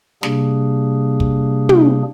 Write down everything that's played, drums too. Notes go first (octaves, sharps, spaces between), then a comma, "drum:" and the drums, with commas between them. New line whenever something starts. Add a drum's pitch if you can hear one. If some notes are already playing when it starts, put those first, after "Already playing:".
C3 G3 A#3 D4 G#4, drum: snare
drum: kick
drum: tom